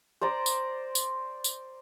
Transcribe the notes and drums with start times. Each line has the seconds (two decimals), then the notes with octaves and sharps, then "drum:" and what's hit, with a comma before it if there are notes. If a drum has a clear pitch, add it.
0.21 C5 D5 A#5
0.46 drum: tambourine
0.95 drum: tambourine
1.44 drum: tambourine